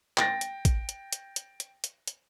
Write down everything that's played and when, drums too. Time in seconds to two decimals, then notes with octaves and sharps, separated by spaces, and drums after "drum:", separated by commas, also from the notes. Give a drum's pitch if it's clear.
0.18 G5 A6 A#6, drum: clap
0.41 drum: hi-hat
0.65 drum: kick A1, hi-hat
0.89 drum: hi-hat
1.12 drum: hi-hat
1.36 drum: hi-hat
1.60 drum: hi-hat
1.84 drum: hi-hat
2.07 drum: hi-hat